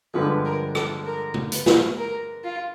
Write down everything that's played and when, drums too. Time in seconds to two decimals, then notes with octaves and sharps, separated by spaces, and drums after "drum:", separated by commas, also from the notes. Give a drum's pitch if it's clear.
0.14 G2 D3 F3 G#3 B4
0.45 A#4
0.75 A4, drum: rim click
1.06 A#4
1.34 drum: tom
1.52 B4, drum: hi-hat
1.66 drum: snare
1.97 A#4
2.43 F4